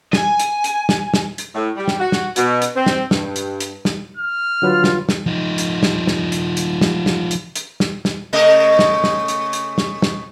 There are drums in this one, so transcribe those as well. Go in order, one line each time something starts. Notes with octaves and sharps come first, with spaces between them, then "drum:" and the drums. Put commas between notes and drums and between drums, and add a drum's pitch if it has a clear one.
G#5, drum: snare
drum: hi-hat
drum: hi-hat
drum: snare
drum: snare
drum: hi-hat
A2
G3
drum: snare
F#4
drum: snare
B2, drum: hi-hat
drum: hi-hat
C4
drum: snare
G2, drum: snare
drum: hi-hat
drum: hi-hat
drum: snare
F6
D3 F#3 F4 B4
drum: snare
drum: snare
F3 D#4
drum: hi-hat
drum: snare
drum: snare
drum: hi-hat
drum: hi-hat
drum: snare
drum: snare
drum: hi-hat
drum: hi-hat
drum: snare
drum: snare
C#3 A3 D#5
drum: snare
drum: snare
drum: hi-hat
drum: hi-hat
drum: snare
drum: snare